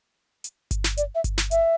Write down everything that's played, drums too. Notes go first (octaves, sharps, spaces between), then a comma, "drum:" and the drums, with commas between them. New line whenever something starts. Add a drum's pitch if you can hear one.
drum: hi-hat
drum: kick G1, hi-hat
drum: snare
D5, drum: hi-hat
E5
drum: kick G1, hi-hat
drum: snare
E5, drum: hi-hat